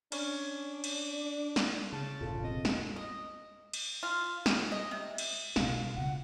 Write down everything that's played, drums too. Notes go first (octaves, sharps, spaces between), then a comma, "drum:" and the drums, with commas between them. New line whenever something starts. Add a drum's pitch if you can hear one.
C#4 D4, drum: cymbal
drum: cymbal
drum: snare
C#3 A5
E1 A1 F4 A4
C4 D#5
drum: snare
D#5
drum: cymbal
F4
C#3, drum: snare
D#5
C3
drum: cymbal
B2 D4 F5, drum: snare
C#3 F4 F#5